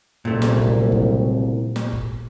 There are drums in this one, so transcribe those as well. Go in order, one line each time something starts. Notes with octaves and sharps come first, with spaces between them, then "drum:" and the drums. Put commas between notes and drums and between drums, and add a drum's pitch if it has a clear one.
F#1 C2 A#2 A3
drum: snare
drum: kick F#1
drum: kick F#1
drum: snare
drum: kick F#1